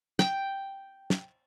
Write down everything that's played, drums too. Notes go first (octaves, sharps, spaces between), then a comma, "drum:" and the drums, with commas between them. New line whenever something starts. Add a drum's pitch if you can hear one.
G5, drum: snare
drum: snare